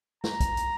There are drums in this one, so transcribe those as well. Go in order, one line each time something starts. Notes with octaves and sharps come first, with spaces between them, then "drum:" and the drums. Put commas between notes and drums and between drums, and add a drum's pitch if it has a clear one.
A#5, drum: snare
drum: kick, hi-hat
drum: hi-hat